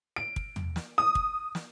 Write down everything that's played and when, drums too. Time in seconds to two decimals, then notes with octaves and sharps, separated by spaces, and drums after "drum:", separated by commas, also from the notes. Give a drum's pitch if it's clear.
0.16 D7
0.36 drum: kick
0.56 drum: tom
0.76 drum: snare
0.98 D#6
1.15 drum: kick
1.55 drum: snare